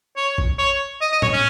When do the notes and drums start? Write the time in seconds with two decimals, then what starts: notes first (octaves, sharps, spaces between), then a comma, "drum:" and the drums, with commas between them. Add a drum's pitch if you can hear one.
0.16 C#5
0.38 drum: kick A1
0.58 C#5
1.01 D#5
1.12 D#5
1.22 C#5, drum: tom A2
1.33 C#4